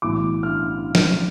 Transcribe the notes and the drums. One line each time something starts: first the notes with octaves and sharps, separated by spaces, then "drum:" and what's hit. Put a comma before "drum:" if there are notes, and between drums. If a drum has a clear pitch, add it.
B1 A2 E3 D6
F6
drum: snare